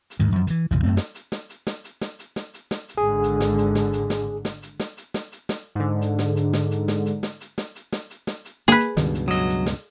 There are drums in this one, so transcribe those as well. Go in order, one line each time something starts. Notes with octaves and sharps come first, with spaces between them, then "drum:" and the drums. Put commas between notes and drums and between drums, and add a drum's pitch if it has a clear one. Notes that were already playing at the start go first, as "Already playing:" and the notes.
drum: hi-hat
D2 G#2 D#3
F#2 F3
D#3 E3, drum: hi-hat
B1 F2 C#3 E3
F#2 A3 C4
drum: snare
drum: hi-hat
drum: snare
drum: hi-hat
drum: snare
drum: hi-hat
drum: snare
drum: hi-hat
drum: snare
drum: hi-hat
drum: snare
drum: hi-hat
G#1 G#2 D3 G#4
drum: hi-hat
drum: snare
drum: hi-hat
drum: snare
drum: hi-hat
drum: snare
drum: snare
drum: hi-hat
drum: snare
drum: hi-hat
drum: snare
drum: hi-hat
drum: snare
G#2 D3
drum: hi-hat
drum: snare
drum: hi-hat
drum: snare
drum: hi-hat
drum: snare
drum: hi-hat
drum: snare
drum: hi-hat
drum: snare
drum: hi-hat
drum: snare
drum: hi-hat
drum: snare
drum: hi-hat
A#3 G#4 B4
drum: hi-hat
C#2 G2 B2 D#3, drum: snare
drum: hi-hat
F#3 D#5 D#6 E6
drum: hi-hat
drum: snare